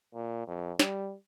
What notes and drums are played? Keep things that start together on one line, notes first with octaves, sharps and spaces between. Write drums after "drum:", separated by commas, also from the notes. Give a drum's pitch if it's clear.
A#2
F2
G3, drum: snare